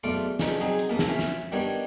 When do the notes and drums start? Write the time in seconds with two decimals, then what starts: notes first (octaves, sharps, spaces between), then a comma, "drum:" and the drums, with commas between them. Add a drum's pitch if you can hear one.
0.03 B1 E2 A3 F4 D5 D6
0.39 C#3 D4 D#4 A4 B4, drum: snare
0.60 F#3 C4 D#4 G#4 C5
0.79 drum: hi-hat
0.89 A#1 E2 A#3 B4 A5 D#6
0.99 drum: snare
1.09 C#4 E5 F5
1.19 drum: snare
1.52 D#3 G3 B3 D4 G4 C#5